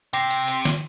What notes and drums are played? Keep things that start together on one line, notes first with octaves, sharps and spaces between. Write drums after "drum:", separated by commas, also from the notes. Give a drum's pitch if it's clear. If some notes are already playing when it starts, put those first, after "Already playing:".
C3 G5 A#6 C7, drum: hi-hat
drum: hi-hat
drum: hi-hat
drum: snare